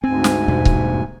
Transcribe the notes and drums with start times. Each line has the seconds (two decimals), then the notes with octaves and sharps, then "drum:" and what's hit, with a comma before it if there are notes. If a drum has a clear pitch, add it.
0.04 D2 G#2 C4 G#5
0.24 drum: snare
0.48 E2 G2 B2
0.65 drum: kick C#1